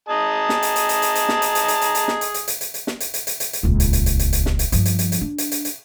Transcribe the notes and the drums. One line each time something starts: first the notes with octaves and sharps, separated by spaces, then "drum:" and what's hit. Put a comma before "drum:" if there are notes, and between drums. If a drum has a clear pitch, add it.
G#4 D#5 A5 A#5
drum: snare
drum: hi-hat
drum: hi-hat
drum: hi-hat
drum: hi-hat
drum: hi-hat
drum: snare
drum: hi-hat
drum: hi-hat
drum: hi-hat
drum: hi-hat
drum: hi-hat
drum: snare
drum: hi-hat
drum: hi-hat
drum: hi-hat
drum: hi-hat
drum: hi-hat
drum: snare
drum: hi-hat
drum: hi-hat
drum: hi-hat
drum: hi-hat
drum: hi-hat
D#1 C#2
drum: hi-hat
drum: hi-hat
drum: hi-hat
drum: hi-hat
drum: hi-hat
drum: snare
drum: hi-hat
G2 F3, drum: hi-hat
drum: hi-hat
drum: hi-hat
drum: hi-hat
D4
drum: hi-hat
drum: hi-hat
drum: hi-hat